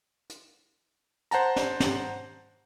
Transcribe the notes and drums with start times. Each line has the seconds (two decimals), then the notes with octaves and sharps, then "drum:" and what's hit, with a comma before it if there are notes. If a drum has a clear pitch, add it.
0.30 drum: hi-hat
1.31 C5 F#5 A5 A#5, drum: hi-hat
1.56 drum: snare
1.80 drum: snare